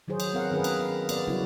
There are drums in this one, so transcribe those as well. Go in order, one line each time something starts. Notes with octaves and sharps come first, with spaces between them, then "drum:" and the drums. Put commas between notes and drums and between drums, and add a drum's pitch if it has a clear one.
D#3 F#3 F#4 G#4 C5 C#5
drum: cymbal
B3 C4 G#4 A#4 F5 F#5
D#3 C#4 G#4 A#4 B4
drum: cymbal
F5
B3 D5, drum: cymbal
C#3 F#3 G3 B3 E4 F#4